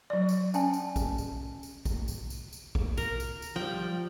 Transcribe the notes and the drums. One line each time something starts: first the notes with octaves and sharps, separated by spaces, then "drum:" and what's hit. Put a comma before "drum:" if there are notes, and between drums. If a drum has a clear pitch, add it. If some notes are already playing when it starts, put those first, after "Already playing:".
F#3 D5
drum: tambourine
C#4 G#5 A5, drum: tambourine
drum: tambourine
drum: kick, tambourine
drum: tambourine
drum: tambourine
drum: kick, tambourine
drum: tambourine
drum: tambourine
drum: tambourine
drum: kick
A#4, drum: tambourine
drum: tambourine
drum: tambourine
F3 G3 G5